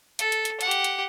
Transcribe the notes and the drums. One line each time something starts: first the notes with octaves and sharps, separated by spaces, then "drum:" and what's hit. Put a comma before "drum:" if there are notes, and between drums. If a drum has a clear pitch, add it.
A4, drum: hi-hat
drum: hi-hat
drum: hi-hat
G4 F#5, drum: hi-hat
drum: hi-hat
drum: hi-hat